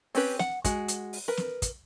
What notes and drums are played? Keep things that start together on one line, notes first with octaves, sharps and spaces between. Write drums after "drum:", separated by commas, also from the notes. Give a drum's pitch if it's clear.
C4 C#4 G4 B4, drum: open hi-hat
F#5, drum: snare
G#3 F#4, drum: kick, hi-hat
drum: hi-hat
drum: open hi-hat
A#4 B4
drum: snare
drum: kick, hi-hat